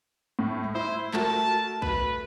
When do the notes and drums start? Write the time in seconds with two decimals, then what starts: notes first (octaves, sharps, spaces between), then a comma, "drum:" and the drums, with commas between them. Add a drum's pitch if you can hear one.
0.39 A2
0.64 drum: tom
0.75 E4 C5
1.14 A3 F#4 A#4 A5, drum: clap
1.82 B4, drum: kick